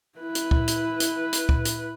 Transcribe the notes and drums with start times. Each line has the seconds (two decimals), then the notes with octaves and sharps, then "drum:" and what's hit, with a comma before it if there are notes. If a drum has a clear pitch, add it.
0.19 E4 B4
0.35 drum: hi-hat
0.51 drum: kick
0.68 drum: hi-hat
1.00 drum: hi-hat
1.33 drum: hi-hat
1.49 drum: kick
1.65 drum: hi-hat